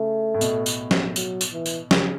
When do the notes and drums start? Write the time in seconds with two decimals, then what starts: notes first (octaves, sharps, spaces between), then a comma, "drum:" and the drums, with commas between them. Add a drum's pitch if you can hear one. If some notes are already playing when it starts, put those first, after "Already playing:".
Already playing: C#3 A3
0.35 A2
0.41 B2, drum: tambourine
0.66 drum: tambourine
0.91 drum: snare
1.16 F#3, drum: tambourine
1.41 drum: tambourine
1.53 E3
1.66 drum: tambourine
1.91 C#3, drum: snare